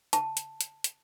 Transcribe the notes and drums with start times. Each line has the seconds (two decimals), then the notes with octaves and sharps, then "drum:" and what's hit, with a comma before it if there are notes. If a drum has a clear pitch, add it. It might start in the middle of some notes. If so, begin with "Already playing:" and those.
0.13 A5, drum: hi-hat
0.37 drum: hi-hat
0.61 drum: hi-hat
0.84 drum: hi-hat